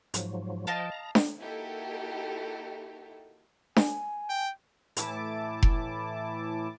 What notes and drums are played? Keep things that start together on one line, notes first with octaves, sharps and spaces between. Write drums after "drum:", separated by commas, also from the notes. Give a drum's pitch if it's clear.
G#2 F3 F#3, drum: hi-hat
F3 D#5 F5 G5 A5
A#5
drum: snare D4
A#3 D#4 E4 F#4 G4 A4
G#5, drum: snare D4
G5
A2 E3 E4 A5 D6, drum: hi-hat
drum: kick F1